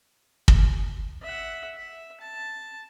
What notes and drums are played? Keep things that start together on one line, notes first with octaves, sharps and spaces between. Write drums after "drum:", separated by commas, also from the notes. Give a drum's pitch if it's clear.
drum: kick
E5 F#5
E5
A5